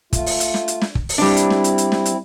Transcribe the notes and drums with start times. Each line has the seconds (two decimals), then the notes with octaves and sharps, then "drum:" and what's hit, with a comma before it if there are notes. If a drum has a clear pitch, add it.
0.13 A3 F4, drum: kick, hi-hat
0.26 drum: open hi-hat
0.40 drum: hi-hat
0.54 drum: snare
0.68 drum: hi-hat
0.81 drum: snare
0.95 drum: kick
1.09 drum: open hi-hat
1.18 G3 C4 D4 E4
1.37 drum: hi-hat
1.50 drum: snare
1.64 drum: hi-hat
1.78 drum: hi-hat
1.92 drum: snare
2.05 drum: hi-hat